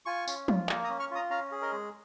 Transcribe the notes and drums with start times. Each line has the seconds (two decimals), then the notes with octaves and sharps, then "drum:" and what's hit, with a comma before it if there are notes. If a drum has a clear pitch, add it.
0.06 F4 G#5 C#6
0.28 C#4, drum: tambourine
0.48 F4, drum: tom F3
0.69 A#3 A#5 D#6, drum: clap
0.84 A#5 D#6
0.89 C#4
1.00 C#6 F6
1.11 F4 A#5 D#6
1.30 C#4 F5 A#5
1.52 G#4
1.62 A#4 D#5
1.72 G#3